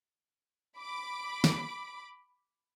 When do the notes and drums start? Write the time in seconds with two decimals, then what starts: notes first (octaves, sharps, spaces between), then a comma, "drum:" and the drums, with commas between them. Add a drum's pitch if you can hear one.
0.78 B5 D6
1.44 drum: snare